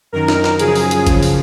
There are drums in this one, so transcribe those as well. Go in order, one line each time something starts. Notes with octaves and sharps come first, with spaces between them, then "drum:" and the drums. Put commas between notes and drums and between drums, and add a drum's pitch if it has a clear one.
F#2 D#3 A#4
drum: snare
drum: snare
F#2 C#3 F3 G#4, drum: hi-hat
drum: open hi-hat
drum: hi-hat
F#2 C#3 F3, drum: kick G#1, hi-hat
drum: open hi-hat